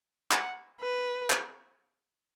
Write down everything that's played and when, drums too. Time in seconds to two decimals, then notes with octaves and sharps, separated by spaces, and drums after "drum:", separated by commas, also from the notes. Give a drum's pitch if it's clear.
0.31 F#5, drum: clap
0.80 B4
1.30 drum: clap